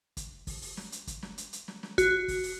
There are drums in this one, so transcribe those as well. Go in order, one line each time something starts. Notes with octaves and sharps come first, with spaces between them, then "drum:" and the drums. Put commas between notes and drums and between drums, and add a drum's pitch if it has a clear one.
drum: kick, hi-hat
drum: kick, open hi-hat
drum: open hi-hat
drum: snare
drum: hi-hat
drum: kick, hi-hat
drum: snare
drum: hi-hat
drum: hi-hat
drum: snare
drum: snare
F#4, drum: kick, hi-hat
drum: kick, open hi-hat
drum: open hi-hat